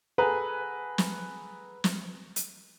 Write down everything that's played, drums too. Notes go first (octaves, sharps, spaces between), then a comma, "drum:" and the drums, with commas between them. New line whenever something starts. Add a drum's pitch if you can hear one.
G#4 A4 B4 F#5 G#5 A#5
drum: snare
drum: snare
drum: hi-hat